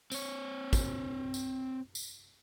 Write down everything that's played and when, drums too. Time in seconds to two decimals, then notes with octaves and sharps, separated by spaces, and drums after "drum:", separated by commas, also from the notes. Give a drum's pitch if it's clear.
0.12 C4 C#5, drum: tambourine
0.73 drum: kick, tambourine
1.34 drum: tambourine
1.95 drum: tambourine